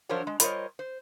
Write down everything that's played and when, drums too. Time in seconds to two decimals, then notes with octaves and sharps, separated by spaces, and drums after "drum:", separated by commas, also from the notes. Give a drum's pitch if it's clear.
0.09 F3 F#3 D4 A#4 C5 C#5
0.27 G#3
0.40 G3 F4 A#4 C5 C#5 D#5, drum: hi-hat
0.79 C5